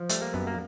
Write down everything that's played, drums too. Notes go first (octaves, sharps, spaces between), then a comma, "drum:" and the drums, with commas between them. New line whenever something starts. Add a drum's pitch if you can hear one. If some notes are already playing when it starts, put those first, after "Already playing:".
Already playing: F3
G3 A3, drum: hi-hat
A#3
F#2 B3
A#3